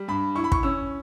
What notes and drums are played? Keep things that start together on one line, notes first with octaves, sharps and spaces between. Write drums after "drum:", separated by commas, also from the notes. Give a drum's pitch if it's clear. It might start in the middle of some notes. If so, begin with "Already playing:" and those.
Already playing: G3
G2 B5
E4 C#6
B5
C#6, drum: kick
C#4 E6